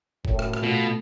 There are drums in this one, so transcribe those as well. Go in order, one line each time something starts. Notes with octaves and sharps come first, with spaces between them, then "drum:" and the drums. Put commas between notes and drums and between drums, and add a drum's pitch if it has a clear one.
F#2 A2, drum: kick
drum: rim click
drum: rim click
B2 A3 F4